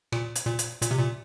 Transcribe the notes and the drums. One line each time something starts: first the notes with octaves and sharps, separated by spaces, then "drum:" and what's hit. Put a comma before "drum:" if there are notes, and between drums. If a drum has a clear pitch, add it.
A#2, drum: rim click
drum: hi-hat
A#2
drum: hi-hat
A#2, drum: hi-hat
C3
A#2